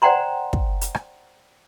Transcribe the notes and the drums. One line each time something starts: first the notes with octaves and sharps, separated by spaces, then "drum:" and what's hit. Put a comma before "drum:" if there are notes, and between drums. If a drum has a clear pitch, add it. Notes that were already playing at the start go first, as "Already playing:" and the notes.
C5 D5 F#5 G5 A#5 C6
drum: kick
drum: hi-hat
drum: rim click